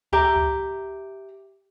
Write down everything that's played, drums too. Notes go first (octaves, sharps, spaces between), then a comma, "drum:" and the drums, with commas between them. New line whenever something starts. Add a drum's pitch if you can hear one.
G4 E5 A#5, drum: kick C#2
drum: kick C#2